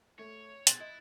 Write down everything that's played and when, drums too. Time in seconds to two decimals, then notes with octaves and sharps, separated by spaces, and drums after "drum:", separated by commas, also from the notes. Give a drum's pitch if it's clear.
0.19 A3 C#5
0.67 B2 G#4 C6 F#6 A6, drum: hi-hat
0.80 E4 D#5